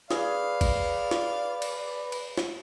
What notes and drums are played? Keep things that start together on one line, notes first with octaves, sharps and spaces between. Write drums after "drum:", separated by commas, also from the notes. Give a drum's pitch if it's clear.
G#4 B4 D5 F5, drum: snare
drum: kick A1, cymbal
drum: snare
drum: cymbal
drum: cymbal
drum: snare